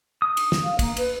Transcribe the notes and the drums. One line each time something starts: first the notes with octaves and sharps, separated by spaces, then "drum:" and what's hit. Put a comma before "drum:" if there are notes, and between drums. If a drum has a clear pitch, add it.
D#6
drum: cymbal
drum: snare
F5
A#3, drum: kick, cymbal
B4, drum: cymbal